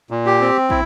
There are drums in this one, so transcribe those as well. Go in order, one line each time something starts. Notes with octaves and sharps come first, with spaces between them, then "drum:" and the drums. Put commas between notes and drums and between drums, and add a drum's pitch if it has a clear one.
A#2
G4
C4
E4, drum: kick